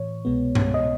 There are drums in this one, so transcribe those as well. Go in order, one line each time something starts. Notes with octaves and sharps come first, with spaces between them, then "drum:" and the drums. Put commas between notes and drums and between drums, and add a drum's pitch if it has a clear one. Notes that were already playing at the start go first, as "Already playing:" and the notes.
Already playing: A2 E3 C#5
C2 B2 G#3 B3
drum: tom G2
D#5